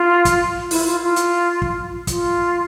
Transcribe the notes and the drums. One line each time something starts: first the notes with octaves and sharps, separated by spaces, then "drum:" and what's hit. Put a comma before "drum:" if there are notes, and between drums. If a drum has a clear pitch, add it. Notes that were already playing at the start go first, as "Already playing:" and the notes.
Already playing: F4
drum: kick, hi-hat
E4, drum: open hi-hat
F4
F4
drum: hi-hat
drum: kick
F4, drum: kick, hi-hat